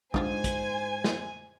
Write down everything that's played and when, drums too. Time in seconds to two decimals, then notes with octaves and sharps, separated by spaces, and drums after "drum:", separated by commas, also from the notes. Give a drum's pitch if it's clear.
0.14 G#2 D4 F4 G4 C5 G#5, drum: kick
0.44 drum: kick, hi-hat
1.04 drum: snare